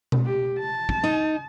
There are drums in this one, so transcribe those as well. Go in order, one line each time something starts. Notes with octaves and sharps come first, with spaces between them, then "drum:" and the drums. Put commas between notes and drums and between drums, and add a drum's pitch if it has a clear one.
drum: tom B2
G4
A5
drum: kick
D#4